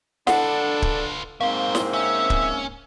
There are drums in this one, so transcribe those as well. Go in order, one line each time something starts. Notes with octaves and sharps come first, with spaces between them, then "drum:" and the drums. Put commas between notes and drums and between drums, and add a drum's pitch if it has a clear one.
D4 F4 A4 B4 F#5, drum: snare
drum: kick
G#2 F#3 A#3 C4 C5 F5
drum: snare
C#4 E5
drum: kick